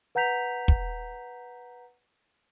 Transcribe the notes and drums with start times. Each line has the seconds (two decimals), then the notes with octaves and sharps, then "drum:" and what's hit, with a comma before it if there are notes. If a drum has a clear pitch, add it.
0.15 B4 F#5 A#5 G6 B6 F7
0.68 drum: kick